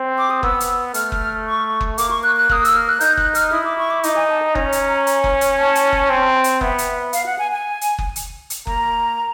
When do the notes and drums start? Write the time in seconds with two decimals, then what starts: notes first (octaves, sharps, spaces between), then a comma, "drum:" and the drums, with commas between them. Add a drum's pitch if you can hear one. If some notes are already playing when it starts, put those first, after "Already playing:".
Already playing: C4
0.18 D6
0.30 D#6
0.43 B3 E6, drum: kick F#1
0.60 drum: hi-hat
0.94 A3 F6, drum: hi-hat
1.12 drum: kick F#1
1.47 C#6
1.81 drum: kick F#1
1.98 A#3 D6, drum: hi-hat
2.11 C#6
2.23 F#6
2.37 F#6
2.49 A#3 D#6, drum: kick F#1
2.65 E6, drum: hi-hat
2.76 F6
2.89 F#6
3.00 D#4 G6, drum: hi-hat
3.17 F#6, drum: kick F#1
3.35 F6, drum: hi-hat
3.52 E4 D#6
3.65 D6
3.78 C#6
3.90 D6
4.03 D#4 D6, drum: hi-hat
4.16 G#5
4.30 A5
4.42 A#5
4.55 C#4, drum: kick F#1
4.72 drum: hi-hat
5.07 drum: hi-hat
5.24 drum: kick F#1
5.41 drum: hi-hat
5.58 A5
5.75 drum: hi-hat
5.93 drum: kick F#1
6.10 C4
6.44 drum: hi-hat
6.61 B3 E5, drum: kick F#1
6.78 drum: hi-hat
7.13 F5, drum: hi-hat
7.26 F#5
7.39 G#5
7.52 G#5
7.81 drum: hi-hat
7.99 drum: kick F#1
8.16 drum: hi-hat
8.50 drum: hi-hat
8.67 A#3 A#5, drum: kick F#1